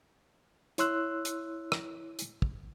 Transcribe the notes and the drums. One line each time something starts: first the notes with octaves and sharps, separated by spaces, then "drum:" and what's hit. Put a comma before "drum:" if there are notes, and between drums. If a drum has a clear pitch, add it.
E4 C#5 C6 E6 F#6, drum: hi-hat
drum: hi-hat
drum: rim click
drum: hi-hat
drum: kick